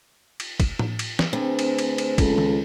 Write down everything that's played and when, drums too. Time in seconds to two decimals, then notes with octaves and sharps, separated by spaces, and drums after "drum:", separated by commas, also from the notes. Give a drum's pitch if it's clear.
0.40 drum: cymbal
0.60 drum: kick, cymbal
0.79 drum: tom A2
0.99 drum: cymbal
1.19 drum: snare
1.33 D2 C4 G#4 B4 C5
1.59 drum: cymbal
1.79 drum: cymbal
1.98 drum: cymbal
2.18 C#2 F3 G#3 A4, drum: kick, cymbal
2.38 drum: tom D#3